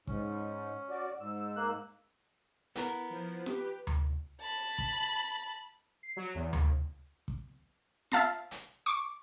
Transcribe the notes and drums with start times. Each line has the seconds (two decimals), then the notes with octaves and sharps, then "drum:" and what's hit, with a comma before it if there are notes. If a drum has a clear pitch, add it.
0.07 G#2 C#4, drum: kick
0.90 F#4 D5
1.20 G#2 E6
1.56 A#3 F#6
2.76 B3 E4 A#4, drum: hi-hat
3.10 F3
3.46 G4 B4, drum: snare F4
3.87 drum: tom D2
4.41 A5 B5
4.78 drum: kick
6.03 C7
6.16 F#3
6.35 E2
6.53 D#2, drum: tom D2
7.28 drum: kick
8.12 E5 F5 A5 A6 C7, drum: snare F4
8.51 drum: hi-hat
8.86 C#6 D6